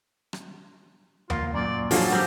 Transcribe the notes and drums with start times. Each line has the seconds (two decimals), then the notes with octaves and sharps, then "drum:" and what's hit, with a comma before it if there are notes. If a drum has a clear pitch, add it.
0.33 drum: rim click
1.30 A#3 F4, drum: tom D#2
1.54 F#2 A#2 D5
1.91 D3 F3 F#3 G#4 F5, drum: open hi-hat
2.12 G#2 G3 A#3 C4 G4